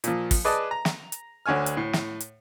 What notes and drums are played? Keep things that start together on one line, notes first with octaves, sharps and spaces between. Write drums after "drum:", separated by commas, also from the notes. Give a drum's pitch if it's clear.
A#2 F3, drum: hi-hat
drum: kick, open hi-hat
G#4 B4 D5 D#5 A5
A#5
drum: snare
drum: hi-hat
D2 D3 C#5 G#5 F6
drum: hi-hat
A2
drum: snare
drum: hi-hat